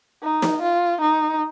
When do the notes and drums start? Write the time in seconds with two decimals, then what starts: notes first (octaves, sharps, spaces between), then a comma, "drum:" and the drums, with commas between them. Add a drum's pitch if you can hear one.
0.23 D#4
0.42 drum: snare
0.62 F4
1.01 D#4